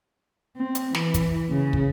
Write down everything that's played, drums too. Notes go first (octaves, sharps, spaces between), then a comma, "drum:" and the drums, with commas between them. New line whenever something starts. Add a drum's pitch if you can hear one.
C4
drum: hi-hat
E3, drum: snare
drum: kick, hi-hat
C#3
drum: kick